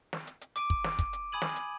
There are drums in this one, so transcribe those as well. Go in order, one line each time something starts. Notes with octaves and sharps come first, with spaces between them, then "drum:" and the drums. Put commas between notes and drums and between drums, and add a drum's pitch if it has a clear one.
drum: snare
drum: hi-hat
drum: hi-hat
D6 D7 D#7, drum: hi-hat
drum: kick
drum: snare
drum: kick, hi-hat
drum: hi-hat
G#5 B5 D#6 G#6 D#7 F#7
drum: snare
drum: hi-hat